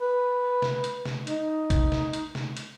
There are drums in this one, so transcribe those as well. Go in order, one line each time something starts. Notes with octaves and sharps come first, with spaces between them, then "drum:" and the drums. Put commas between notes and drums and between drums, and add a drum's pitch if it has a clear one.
B4
drum: snare
drum: hi-hat
drum: snare
D#4, drum: hi-hat
drum: kick A#1, hi-hat
drum: snare
drum: hi-hat
drum: snare
drum: hi-hat